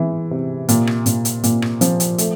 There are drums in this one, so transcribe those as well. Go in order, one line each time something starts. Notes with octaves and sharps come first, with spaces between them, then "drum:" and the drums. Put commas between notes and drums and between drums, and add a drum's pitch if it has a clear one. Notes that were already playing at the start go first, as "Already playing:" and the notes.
Already playing: E3 G#3 B3
C3
A#2, drum: hi-hat
drum: rim click
A#2, drum: hi-hat
drum: hi-hat
A#2, drum: hi-hat
drum: rim click
F3, drum: hi-hat
drum: hi-hat
A3, drum: hi-hat